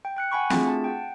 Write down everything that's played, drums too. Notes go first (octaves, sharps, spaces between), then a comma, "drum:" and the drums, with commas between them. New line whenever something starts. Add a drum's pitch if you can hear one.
G5
G5 F#6 C#7
F#5 G#5 B5 C#6
A3 C4 D4 F4 F#4 G#4, drum: snare
A5
F#5 G5